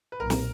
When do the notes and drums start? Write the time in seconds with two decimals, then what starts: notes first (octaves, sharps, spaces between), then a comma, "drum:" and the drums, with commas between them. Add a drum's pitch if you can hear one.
0.12 B4
0.20 B1 A#2 A#4
0.30 drum: snare